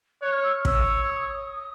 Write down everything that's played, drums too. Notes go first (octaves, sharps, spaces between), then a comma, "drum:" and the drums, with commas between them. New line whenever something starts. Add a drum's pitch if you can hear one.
C#5 F#6
F6
E6
F6
C#5 E6, drum: kick
D#6